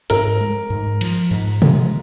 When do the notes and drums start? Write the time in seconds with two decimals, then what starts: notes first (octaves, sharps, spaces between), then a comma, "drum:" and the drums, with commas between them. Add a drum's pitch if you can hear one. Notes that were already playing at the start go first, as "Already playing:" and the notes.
0.10 G#2 A#4, drum: hi-hat
0.40 G#3
0.70 G#2
1.01 F3, drum: cymbal
1.31 G#2
1.62 G#3, drum: tom B2